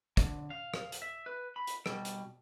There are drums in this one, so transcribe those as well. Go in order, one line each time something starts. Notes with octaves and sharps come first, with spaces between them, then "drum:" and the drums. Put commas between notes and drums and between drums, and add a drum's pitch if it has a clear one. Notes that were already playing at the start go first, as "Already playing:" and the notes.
D3, drum: kick, hi-hat
F5
drum: rim click
drum: hi-hat
E5
B4
B5
drum: hi-hat
B2 G3, drum: rim click
drum: hi-hat